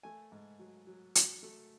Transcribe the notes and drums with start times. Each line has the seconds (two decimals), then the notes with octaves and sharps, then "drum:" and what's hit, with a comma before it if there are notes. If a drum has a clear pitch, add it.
0.03 A3 G#5
0.32 G#2
0.59 F#3
0.87 F#3
1.15 F#3, drum: hi-hat
1.43 A3